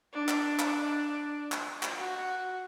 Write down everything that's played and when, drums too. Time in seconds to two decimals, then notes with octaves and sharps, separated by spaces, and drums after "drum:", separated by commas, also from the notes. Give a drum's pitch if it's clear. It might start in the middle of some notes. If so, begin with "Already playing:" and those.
0.13 D4
0.28 drum: clap
0.59 drum: clap
1.52 drum: clap
1.83 drum: clap
1.98 F#4